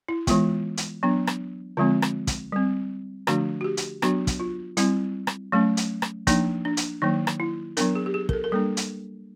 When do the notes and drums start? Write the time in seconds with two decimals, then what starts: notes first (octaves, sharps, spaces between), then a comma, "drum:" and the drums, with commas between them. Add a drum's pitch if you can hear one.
0.08 E4
0.27 E3 G#3 B3 F4, drum: kick, hi-hat
0.77 drum: hi-hat
1.03 F#3 B3 D4
1.27 drum: rim click
1.77 D3 F3 G#3 C4 F4
2.02 drum: rim click
2.27 drum: kick, hi-hat
2.52 G3 C4
3.27 D3 F3 A3 D4 F#4, drum: rim click
3.61 F#4
3.64 G4
3.77 drum: hi-hat
4.02 F#3 B3 D4 F#4, drum: rim click
4.27 drum: kick, hi-hat
4.40 F4
4.77 G3 C4 E4, drum: hi-hat
5.27 drum: rim click
5.52 F#3 A3 C#4
5.77 drum: hi-hat
6.02 drum: rim click
6.27 F3 A#3 D4 D#4, drum: kick, hi-hat
6.65 D4
6.77 drum: hi-hat
7.02 D#3 F#3 A#3 D#4
7.27 drum: rim click
7.40 E4
7.77 F#3 B3 D4 A#4, drum: hi-hat
7.95 G#4
8.06 G4
8.14 G#4
8.29 A#4, drum: kick
8.33 A4
8.44 A#4
8.52 G3 A#3 D4 A4
8.77 drum: hi-hat